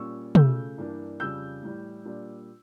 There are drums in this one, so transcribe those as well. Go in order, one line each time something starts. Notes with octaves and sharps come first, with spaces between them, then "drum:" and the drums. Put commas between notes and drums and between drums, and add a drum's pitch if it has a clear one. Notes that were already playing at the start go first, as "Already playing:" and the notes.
Already playing: A#2 G3 C#4 C#6 E6
C#3 F3 A3 E6 G6, drum: tom
G2 E3 A#3 D4
F2 C#3 G3 E6 G6
A2 E3 G3
A#2 G3 D4